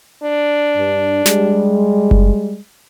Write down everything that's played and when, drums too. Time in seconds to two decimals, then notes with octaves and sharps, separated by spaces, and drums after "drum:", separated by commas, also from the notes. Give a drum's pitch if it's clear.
0.23 D4
0.76 G2
1.26 G3 G#3, drum: snare
2.11 drum: kick F#1